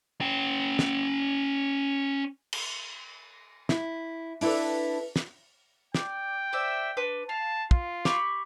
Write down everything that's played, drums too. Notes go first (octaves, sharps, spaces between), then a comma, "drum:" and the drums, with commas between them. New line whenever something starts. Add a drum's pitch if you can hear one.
C#4 G5
drum: snare
drum: cymbal
E4, drum: snare
D4 E4 G#4 A4 B4, drum: open hi-hat
drum: snare
D5 G5, drum: snare
C5 D5 E5
D4 B4 C6
F5 A5
F4, drum: kick
G4 B5 C#6, drum: snare